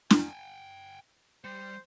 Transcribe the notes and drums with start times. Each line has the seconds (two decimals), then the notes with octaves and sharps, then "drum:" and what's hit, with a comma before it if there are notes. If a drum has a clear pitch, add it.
0.10 G5 G#5, drum: snare
1.44 G3 C5